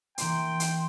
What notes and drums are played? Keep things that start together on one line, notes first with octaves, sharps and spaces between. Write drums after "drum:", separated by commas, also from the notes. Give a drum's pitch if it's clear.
E3 A#3 G5 C6, drum: hi-hat
drum: hi-hat